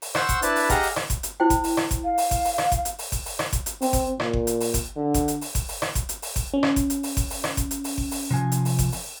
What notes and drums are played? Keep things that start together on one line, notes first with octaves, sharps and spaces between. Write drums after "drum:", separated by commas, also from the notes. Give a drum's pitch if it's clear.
drum: open hi-hat
C5 F#5 C#6 E6, drum: rim click
drum: kick G1, hi-hat
D4 E4 B4 A5, drum: hi-hat
drum: open hi-hat
G4 G#4 D#5 F5 F#5 A#5, drum: kick G1, hi-hat
drum: open hi-hat
drum: rim click
drum: kick G1, hi-hat
drum: hi-hat
E4 C5 G5
drum: kick G1, hi-hat
drum: open hi-hat
drum: rim click
drum: kick G1, hi-hat
F5
drum: open hi-hat
drum: kick G1, hi-hat
drum: open hi-hat
drum: rim click
drum: kick G1, hi-hat
drum: hi-hat
drum: open hi-hat
drum: kick G1, hi-hat
drum: open hi-hat
drum: rim click
drum: kick G1, hi-hat
drum: hi-hat
C4, drum: open hi-hat
drum: kick G1, hi-hat
A#2, drum: rim click
drum: kick G1
drum: hi-hat
drum: open hi-hat
drum: kick G1, hi-hat
D3
drum: kick G1, hi-hat
drum: hi-hat
drum: open hi-hat
drum: kick G1, hi-hat
drum: open hi-hat
drum: rim click
drum: kick G1, hi-hat
drum: hi-hat
drum: open hi-hat
drum: kick G1, hi-hat
C#4
drum: rim click
drum: kick G1, hi-hat
drum: hi-hat
drum: open hi-hat
drum: kick G1, hi-hat
drum: open hi-hat
drum: rim click
drum: kick G1, hi-hat
drum: hi-hat
drum: open hi-hat
drum: kick G1
drum: open hi-hat
C3 F3 G#5
drum: hi-hat
drum: open hi-hat
drum: kick G1, hi-hat
drum: open hi-hat